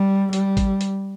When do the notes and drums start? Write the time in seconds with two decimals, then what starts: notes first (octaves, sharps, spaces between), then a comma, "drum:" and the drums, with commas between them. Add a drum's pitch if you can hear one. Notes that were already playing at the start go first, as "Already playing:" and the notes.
Already playing: G3
0.33 G3, drum: hi-hat
0.57 drum: kick, hi-hat
0.81 drum: hi-hat